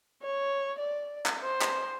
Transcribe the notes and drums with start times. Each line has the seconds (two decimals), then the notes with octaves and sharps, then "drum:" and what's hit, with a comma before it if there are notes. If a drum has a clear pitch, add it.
0.23 C#5
0.78 D5
1.26 drum: clap
1.44 C5
1.61 drum: clap